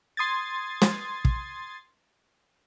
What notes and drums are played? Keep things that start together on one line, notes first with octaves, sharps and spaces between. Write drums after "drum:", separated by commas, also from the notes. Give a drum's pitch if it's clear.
C6 D#6 G#6 A6
drum: snare
drum: kick